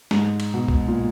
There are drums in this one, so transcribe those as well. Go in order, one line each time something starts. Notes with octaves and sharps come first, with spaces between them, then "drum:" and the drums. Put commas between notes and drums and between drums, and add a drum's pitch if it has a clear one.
G#2, drum: snare
drum: cymbal
B2
drum: kick
A#2